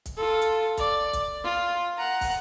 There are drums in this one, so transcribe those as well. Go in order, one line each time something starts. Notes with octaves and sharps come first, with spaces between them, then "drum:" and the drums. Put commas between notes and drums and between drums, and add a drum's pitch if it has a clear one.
drum: kick, hi-hat
F4 A4
drum: hi-hat
D5, drum: kick, hi-hat
drum: kick, hi-hat
F4
F#5 A#5
drum: kick, open hi-hat